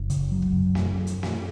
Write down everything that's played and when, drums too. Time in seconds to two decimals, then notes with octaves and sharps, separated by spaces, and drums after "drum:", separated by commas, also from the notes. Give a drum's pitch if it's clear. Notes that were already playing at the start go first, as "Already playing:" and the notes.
Already playing: F#1
0.10 C#3, drum: hi-hat
0.31 F#3
0.42 drum: kick
0.52 F#2
0.75 F#2, drum: snare
1.07 drum: hi-hat
1.23 drum: snare